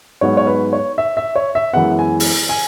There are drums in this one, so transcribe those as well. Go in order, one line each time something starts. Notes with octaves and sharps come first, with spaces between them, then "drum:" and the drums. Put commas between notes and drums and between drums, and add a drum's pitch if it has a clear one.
G#2 F#3 B3 C#5
C#5
B4
C#5
E5
E5
C#5
E5
F#2 E3 G#3 B3 F#5
G#5
drum: open hi-hat
G#5